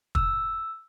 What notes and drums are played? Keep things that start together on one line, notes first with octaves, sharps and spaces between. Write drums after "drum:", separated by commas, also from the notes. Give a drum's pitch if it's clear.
E6, drum: kick